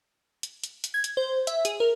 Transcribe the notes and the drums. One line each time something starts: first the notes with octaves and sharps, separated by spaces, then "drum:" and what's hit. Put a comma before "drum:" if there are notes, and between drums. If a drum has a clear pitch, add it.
drum: hi-hat
drum: hi-hat
drum: hi-hat
G#6
drum: hi-hat
C5
E5, drum: hi-hat
G#4, drum: hi-hat
A#4